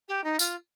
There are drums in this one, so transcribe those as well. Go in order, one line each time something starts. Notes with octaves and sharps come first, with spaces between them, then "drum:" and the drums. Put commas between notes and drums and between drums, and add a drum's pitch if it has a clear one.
G4
D#4
F4, drum: tambourine